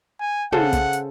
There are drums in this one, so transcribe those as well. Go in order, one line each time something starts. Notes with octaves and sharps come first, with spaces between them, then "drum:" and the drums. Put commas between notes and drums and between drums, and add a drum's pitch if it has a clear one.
G#5
C#3 A4 C5 F#5, drum: tom
drum: kick, hi-hat
drum: hi-hat